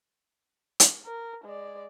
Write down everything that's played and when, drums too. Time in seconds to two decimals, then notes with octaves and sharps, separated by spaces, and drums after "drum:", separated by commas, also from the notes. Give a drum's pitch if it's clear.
0.80 drum: hi-hat
1.06 A#4
1.44 G#3 D5